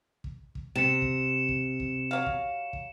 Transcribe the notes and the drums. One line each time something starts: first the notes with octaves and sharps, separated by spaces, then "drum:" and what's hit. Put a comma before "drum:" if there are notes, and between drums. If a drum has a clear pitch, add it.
drum: kick
drum: kick
C3 C#7 E7
drum: kick
drum: kick
drum: kick
F#3 F5
drum: kick
drum: kick